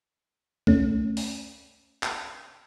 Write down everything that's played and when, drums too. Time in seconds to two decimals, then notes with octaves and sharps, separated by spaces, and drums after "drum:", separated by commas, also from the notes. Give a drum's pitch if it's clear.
0.67 A3 C#4, drum: kick C2
1.17 drum: open hi-hat
2.03 drum: clap